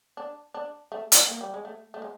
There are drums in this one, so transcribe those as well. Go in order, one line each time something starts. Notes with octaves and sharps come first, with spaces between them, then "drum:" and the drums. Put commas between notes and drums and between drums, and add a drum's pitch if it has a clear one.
D4
D4
A3
drum: hi-hat
A#3
G3
G#3
A3
A3
G#3